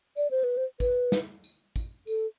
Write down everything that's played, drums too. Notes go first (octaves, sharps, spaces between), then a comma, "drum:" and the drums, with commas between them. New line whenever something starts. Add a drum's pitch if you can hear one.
D5, drum: tambourine
C5
B4
C5
B4, drum: kick, tambourine
drum: snare
drum: tambourine
drum: kick, tambourine
A4, drum: tambourine